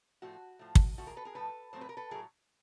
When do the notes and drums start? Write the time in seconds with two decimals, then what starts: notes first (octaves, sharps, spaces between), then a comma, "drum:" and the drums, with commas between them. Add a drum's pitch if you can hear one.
0.22 A2 F3 A3 F#4
0.59 A2 F3 A3
0.75 drum: kick
0.97 A2 F3 A3 F#4
1.07 G#4 A#4
1.17 A4 B4
1.25 G#4 A#4
1.35 A2 F3 A3 A4 B4
1.73 A2 F#3 A3 C4 C5
1.81 B4
1.89 A#4
1.97 A4 B4
2.11 A2 F#3 A3 G#4 A#4